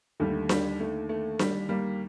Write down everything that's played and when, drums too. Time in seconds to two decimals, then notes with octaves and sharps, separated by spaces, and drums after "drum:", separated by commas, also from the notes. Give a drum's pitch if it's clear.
0.20 D#2 D3 G3 A3
0.49 G3, drum: snare D4
0.80 A3
1.09 A3
1.39 G3, drum: snare D4
1.69 G3 A#3